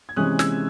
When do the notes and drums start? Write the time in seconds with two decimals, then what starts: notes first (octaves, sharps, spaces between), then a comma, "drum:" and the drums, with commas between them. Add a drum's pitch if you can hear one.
0.09 G#6
0.16 C3 E3 G#3 C#4 D#6 F#6
0.39 E6 G#6, drum: snare